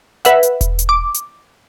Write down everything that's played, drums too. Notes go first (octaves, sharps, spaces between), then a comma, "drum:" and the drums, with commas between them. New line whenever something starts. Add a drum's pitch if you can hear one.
B4 E5 F#5, drum: hi-hat
drum: hi-hat
drum: kick E1, hi-hat
drum: hi-hat
D6
drum: hi-hat